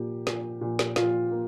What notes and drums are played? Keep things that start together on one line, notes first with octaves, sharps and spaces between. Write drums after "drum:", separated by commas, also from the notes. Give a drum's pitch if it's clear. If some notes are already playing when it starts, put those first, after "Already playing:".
Already playing: A#2 A#3 G4
A#2, drum: snare
A#2
drum: snare
A#2 F4, drum: snare
A#3